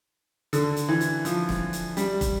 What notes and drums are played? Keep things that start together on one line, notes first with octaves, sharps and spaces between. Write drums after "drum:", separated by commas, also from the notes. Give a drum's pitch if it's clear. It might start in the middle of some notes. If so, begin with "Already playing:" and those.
D3, drum: hi-hat
drum: hi-hat
E3
drum: hi-hat
F3, drum: hi-hat
drum: snare
drum: hi-hat
G3, drum: hi-hat
drum: kick, hi-hat